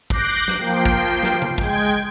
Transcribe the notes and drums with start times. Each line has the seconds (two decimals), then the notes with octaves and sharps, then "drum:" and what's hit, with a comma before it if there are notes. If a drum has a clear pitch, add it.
0.10 D6 F#6 G6 A#6 C7, drum: kick
0.48 drum: snare
0.59 F3 A#3 G5 C7
0.85 drum: kick
1.23 drum: snare
1.42 drum: tom C#3
1.58 G#3 G5 G#6, drum: kick